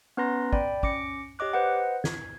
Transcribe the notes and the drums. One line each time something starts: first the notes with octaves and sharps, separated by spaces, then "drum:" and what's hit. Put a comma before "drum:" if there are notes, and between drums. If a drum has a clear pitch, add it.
B3 C#4 B4 A#5 C6 A#6
D5 G5 B5, drum: kick
C#4 D6 A#6 C#7 D7, drum: kick
G4 C#5 D#5 D6 F#6
B4 C5 D#5 F#5
G#6, drum: snare